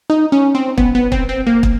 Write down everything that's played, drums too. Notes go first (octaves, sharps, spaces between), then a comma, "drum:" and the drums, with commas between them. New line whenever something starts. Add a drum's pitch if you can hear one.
D#4
C#4
C4
B3, drum: kick
B3
C4, drum: kick
C4
A#3
drum: kick